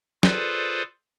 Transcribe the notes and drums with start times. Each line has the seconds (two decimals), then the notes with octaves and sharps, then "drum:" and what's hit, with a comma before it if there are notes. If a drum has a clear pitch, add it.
0.23 F4 G#4 A4 B4 C5 D5, drum: snare